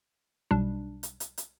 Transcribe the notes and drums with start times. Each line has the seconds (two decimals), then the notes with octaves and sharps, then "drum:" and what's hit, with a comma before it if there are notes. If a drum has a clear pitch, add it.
0.51 B1 B2 G3 D4
1.03 drum: hi-hat
1.20 drum: hi-hat
1.38 drum: hi-hat